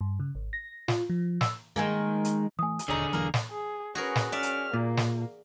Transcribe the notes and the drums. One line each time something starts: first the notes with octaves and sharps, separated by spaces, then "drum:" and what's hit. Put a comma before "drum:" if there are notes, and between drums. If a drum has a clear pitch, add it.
G2
C#3
G#1
A#6
F4, drum: snare
F3
E6, drum: snare
D#3 G#3 A#3
drum: hi-hat
E3 A3 G#5 D#6
drum: hi-hat
D#1 G#1 D3 C#4 D#4 G#4
E1 E3 F#3 A#3 A#4
drum: snare
G#4
C#4 F#4 G#4 A#4 B4
drum: snare
C#4 D5 E5 F6
drum: hi-hat
A#2 A#3
drum: snare